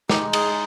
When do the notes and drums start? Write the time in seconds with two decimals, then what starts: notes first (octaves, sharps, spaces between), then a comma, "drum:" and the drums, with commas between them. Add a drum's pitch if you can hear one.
0.10 G#3 D#4 G4, drum: snare
0.33 G#4, drum: cymbal